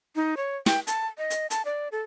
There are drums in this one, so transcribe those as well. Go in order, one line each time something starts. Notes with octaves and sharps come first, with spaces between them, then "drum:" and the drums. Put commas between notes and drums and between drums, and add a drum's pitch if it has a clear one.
D#4
C#5
G5, drum: snare
A5, drum: hi-hat
D#5
drum: hi-hat
A5, drum: hi-hat
D5
A4